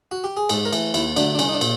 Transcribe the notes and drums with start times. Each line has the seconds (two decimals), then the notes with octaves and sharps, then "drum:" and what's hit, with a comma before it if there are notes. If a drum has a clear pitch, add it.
0.11 F#4
0.24 G4
0.37 G#4
0.49 G#2 A4, drum: cymbal
0.65 A#4
0.73 E3 A3, drum: cymbal
0.94 D#2 E4, drum: cymbal
1.16 D3 F#3 A3 D4, drum: cymbal
1.35 D4
1.39 C2 C#4, drum: cymbal
1.49 D#4
1.54 D4
1.61 A#2, drum: cymbal